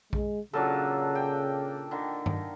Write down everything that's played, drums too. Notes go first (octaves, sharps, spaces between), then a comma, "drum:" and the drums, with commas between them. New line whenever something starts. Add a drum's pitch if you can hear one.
G#3, drum: kick A#1
A#2 C#3 F#3 D4 A4 A5
G5
D3 D#3
drum: tom G2